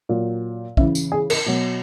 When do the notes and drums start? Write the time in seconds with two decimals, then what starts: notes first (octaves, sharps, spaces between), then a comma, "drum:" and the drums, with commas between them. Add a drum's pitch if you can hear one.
0.09 A#2 F#3
0.77 C#3 E3 E5, drum: kick
0.95 drum: tambourine
1.12 G#4
1.30 A#4, drum: cymbal
1.46 B2 F#3